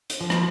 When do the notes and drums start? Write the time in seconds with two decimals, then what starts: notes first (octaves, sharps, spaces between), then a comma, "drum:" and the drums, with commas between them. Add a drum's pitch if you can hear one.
0.10 drum: hi-hat
0.21 F3
0.30 drum: rim click